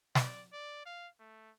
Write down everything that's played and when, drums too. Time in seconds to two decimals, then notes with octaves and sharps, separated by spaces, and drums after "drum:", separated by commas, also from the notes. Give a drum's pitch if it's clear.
0.15 D5, drum: snare
0.53 D5
0.86 F5
1.20 A3